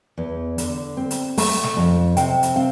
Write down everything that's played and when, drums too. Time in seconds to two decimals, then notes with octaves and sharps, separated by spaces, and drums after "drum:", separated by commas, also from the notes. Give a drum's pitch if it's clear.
0.18 E2
0.58 D3, drum: hi-hat
0.97 C4
1.11 drum: hi-hat
1.38 A3, drum: open hi-hat
1.63 drum: snare
1.77 F2
2.17 C3 G5, drum: hi-hat
2.43 drum: hi-hat
2.56 C4 F5